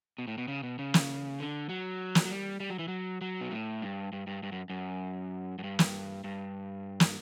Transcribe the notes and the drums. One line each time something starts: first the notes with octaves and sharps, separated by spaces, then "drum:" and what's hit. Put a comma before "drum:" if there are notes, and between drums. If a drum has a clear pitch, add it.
B2
A2
B2
C#3
B2
C#3
drum: snare
D3
F#3
drum: snare
F#3
G3
G3
F#3
E3
F#3
F#3
B2
A2
G2
G2
G2
G2
F#2
F#2
F#2
G2
drum: snare
G2
drum: snare